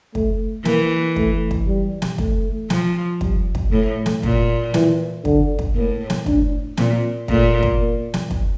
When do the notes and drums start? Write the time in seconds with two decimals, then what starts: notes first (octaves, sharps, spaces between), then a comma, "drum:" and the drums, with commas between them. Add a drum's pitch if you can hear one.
0.15 A3, drum: kick
0.65 E3 A#3, drum: snare
1.16 A3, drum: kick
1.51 drum: kick
1.68 G3
2.02 drum: snare
2.18 A3, drum: kick
2.70 F3, drum: snare
3.21 G3, drum: kick
3.55 drum: kick
3.72 A2 A3
4.06 drum: snare
4.23 A#2, drum: kick
4.74 E3, drum: snare
5.25 D3, drum: kick
5.59 drum: kick
5.76 A2 A#3
6.10 drum: snare
6.26 D4, drum: kick
6.77 A#2 C4, drum: snare
7.28 A#2 A3, drum: kick
7.63 drum: kick
7.80 A#3
8.14 drum: snare
8.31 drum: kick